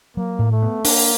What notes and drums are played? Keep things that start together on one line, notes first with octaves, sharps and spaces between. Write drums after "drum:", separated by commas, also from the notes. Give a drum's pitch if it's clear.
F#3 A#3
A2
A3
B3
A#3 D4, drum: open hi-hat